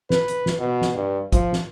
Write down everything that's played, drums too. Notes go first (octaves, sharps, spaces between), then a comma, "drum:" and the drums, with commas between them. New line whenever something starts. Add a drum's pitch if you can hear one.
B4, drum: snare
drum: hi-hat
drum: snare
B2
drum: snare
G2
F3, drum: kick, hi-hat
drum: snare